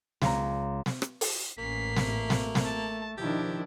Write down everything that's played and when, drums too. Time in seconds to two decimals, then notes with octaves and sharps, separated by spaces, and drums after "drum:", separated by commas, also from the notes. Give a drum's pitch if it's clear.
0.22 C#2 A#5, drum: snare
0.86 drum: snare
1.02 drum: rim click
1.21 drum: open hi-hat
1.58 A1 A#3 C#4 B6 C7
1.97 A3, drum: snare
2.30 drum: snare
2.55 drum: snare
2.65 A5
3.18 B2 D#3 F3 D4 E4 G4